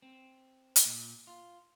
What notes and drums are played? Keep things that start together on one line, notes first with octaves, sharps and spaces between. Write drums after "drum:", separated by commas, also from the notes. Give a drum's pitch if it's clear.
C4
drum: hi-hat
A#2
F4